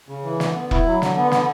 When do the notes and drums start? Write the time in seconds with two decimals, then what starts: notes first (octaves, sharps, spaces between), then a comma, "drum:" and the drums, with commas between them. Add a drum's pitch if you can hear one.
0.09 C#3
0.24 E3
0.40 D3, drum: snare
0.55 B3
0.71 E4, drum: kick E1
0.86 F#3
1.02 D3, drum: snare
1.17 B3
1.31 D3, drum: snare